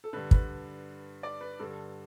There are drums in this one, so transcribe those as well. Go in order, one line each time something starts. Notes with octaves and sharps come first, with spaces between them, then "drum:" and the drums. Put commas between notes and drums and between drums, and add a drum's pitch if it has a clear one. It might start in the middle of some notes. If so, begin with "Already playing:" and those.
A4
G2 D3 B4
B4, drum: kick
D5
B4
G2 D3 A4